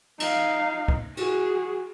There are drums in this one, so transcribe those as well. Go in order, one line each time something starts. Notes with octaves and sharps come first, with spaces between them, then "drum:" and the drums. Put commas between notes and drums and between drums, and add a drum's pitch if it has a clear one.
D#4 F5, drum: cymbal
drum: kick
F#4 G#4, drum: cymbal